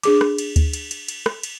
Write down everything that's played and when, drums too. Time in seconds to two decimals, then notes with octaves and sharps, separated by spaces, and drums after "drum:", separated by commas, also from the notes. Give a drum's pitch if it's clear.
0.03 D4 G#4 D6, drum: cymbal
0.21 drum: rim click
0.38 drum: cymbal
0.56 drum: kick D2, cymbal
0.73 drum: cymbal
0.91 drum: cymbal
1.08 drum: cymbal
1.26 drum: rim click
1.43 drum: cymbal